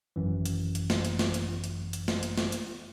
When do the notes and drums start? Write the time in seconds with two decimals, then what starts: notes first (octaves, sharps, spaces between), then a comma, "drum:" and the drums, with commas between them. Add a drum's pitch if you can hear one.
0.16 G#1 F#2 E3
0.46 drum: hi-hat
0.75 drum: hi-hat
0.90 drum: snare
1.05 drum: hi-hat
1.19 drum: snare
1.34 drum: hi-hat
1.64 drum: hi-hat
1.93 drum: hi-hat
2.08 drum: snare
2.23 drum: hi-hat
2.38 drum: snare
2.52 drum: hi-hat